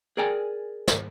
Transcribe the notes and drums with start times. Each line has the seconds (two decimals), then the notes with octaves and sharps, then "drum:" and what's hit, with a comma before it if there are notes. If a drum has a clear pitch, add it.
0.17 G#4 A#4 D5 G5 G#5 A#5
0.88 drum: snare